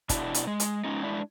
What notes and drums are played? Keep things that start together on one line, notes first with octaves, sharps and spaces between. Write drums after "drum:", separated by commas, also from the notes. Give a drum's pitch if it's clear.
B2 D4 E4, drum: kick, hi-hat
drum: hi-hat
G#3
drum: hi-hat
G#3 C#4 D#4
D4 E4